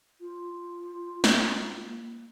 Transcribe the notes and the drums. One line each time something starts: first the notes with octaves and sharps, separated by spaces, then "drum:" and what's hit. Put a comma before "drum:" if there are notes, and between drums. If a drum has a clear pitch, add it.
F4
drum: snare
A#3